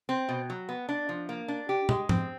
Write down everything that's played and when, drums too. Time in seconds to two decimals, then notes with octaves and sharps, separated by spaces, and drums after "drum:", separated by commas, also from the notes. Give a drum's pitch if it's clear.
0.09 C4
0.29 B2
0.50 F#3
0.69 B3
0.89 D4
1.09 F3
1.29 A#3
1.48 D4
1.69 G4
1.89 G#3, drum: tom
2.09 C4, drum: tom